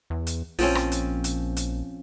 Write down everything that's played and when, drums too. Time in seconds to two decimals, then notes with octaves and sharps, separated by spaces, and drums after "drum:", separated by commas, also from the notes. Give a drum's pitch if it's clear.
0.10 E2
0.27 drum: hi-hat
0.59 A#1 F3 C4 C#4, drum: open hi-hat
0.75 drum: rim click
0.92 drum: hi-hat
1.24 drum: hi-hat
1.57 drum: hi-hat